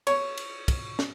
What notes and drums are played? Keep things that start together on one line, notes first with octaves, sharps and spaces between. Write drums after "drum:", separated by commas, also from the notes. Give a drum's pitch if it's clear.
C#5, drum: cymbal
drum: cymbal
drum: kick, cymbal
drum: snare